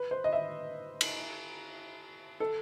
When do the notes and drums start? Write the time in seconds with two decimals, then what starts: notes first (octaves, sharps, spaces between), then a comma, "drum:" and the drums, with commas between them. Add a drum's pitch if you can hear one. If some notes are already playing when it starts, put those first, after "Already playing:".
Already playing: B4
0.11 C5
0.24 D#5
0.33 E5
1.01 drum: cymbal
2.40 A4